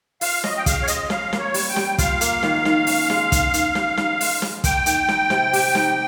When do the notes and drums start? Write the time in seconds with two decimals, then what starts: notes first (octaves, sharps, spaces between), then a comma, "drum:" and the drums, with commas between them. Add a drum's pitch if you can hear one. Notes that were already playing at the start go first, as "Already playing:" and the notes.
0.21 F4 F5, drum: open hi-hat
0.44 C#4 D#5, drum: snare
0.57 G5
0.66 G#4 F5, drum: kick, hi-hat
0.82 C#5
0.88 G#3 D#5, drum: hi-hat
1.10 C#4 F5, drum: snare
1.33 A#3, drum: snare
1.39 C#5
1.54 G3, drum: open hi-hat
1.69 G5
1.76 G3, drum: snare
1.98 F4 F5, drum: kick, hi-hat
2.21 A#3, drum: hi-hat
2.43 D#3, drum: snare
2.65 D#3, drum: snare
2.87 C#4, drum: open hi-hat
3.10 G#3, drum: snare
3.32 D#3, drum: kick, hi-hat
3.54 D#3, drum: hi-hat
3.75 G4, drum: snare
3.97 D#4, drum: snare
4.21 G#3, drum: open hi-hat
4.42 G#3, drum: snare
4.64 A#3 G5, drum: kick, hi-hat
4.86 D#3, drum: hi-hat
5.08 D#4, drum: snare
5.30 C3, drum: snare
5.53 G4, drum: open hi-hat
5.75 D#4, drum: snare